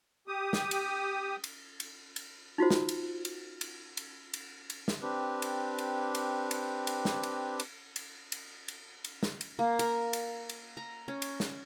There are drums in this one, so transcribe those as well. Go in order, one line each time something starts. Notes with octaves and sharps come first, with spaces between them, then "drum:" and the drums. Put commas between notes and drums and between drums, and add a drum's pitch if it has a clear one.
G4 D#6
drum: snare
drum: cymbal
drum: cymbal
drum: cymbal
drum: cymbal
D#4 F4 F#4 C5
drum: snare
drum: cymbal
drum: cymbal
drum: cymbal
drum: cymbal
drum: cymbal
drum: cymbal
drum: snare
C4 D4 G4 B4
drum: cymbal
drum: cymbal
drum: cymbal
drum: cymbal
drum: cymbal
drum: snare
drum: cymbal
drum: cymbal
drum: cymbal
drum: cymbal
drum: cymbal
drum: cymbal
drum: snare
drum: cymbal
A#3
A#4, drum: cymbal
drum: cymbal
drum: cymbal
A#5
C#4
drum: cymbal
drum: snare